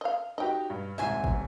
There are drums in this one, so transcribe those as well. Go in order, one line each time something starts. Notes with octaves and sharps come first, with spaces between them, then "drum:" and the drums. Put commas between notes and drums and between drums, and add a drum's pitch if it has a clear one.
D#5 F5
D#4 F#4 G4 D#5 G5
G2
D#1 C2 G#2 E5 G#5 C6
drum: kick G#1